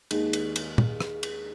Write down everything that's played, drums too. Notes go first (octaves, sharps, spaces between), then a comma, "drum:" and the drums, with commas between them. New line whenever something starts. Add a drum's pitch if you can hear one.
D#2 D#3 G#3, drum: cymbal
drum: cymbal
drum: cymbal
drum: tom
drum: rim click
drum: cymbal